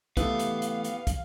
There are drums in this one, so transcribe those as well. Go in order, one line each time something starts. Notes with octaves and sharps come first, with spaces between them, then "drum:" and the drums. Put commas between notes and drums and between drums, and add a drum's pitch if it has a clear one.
E3 A3 B3 G4 F5, drum: kick, hi-hat
drum: hi-hat
drum: hi-hat
drum: hi-hat
drum: kick, hi-hat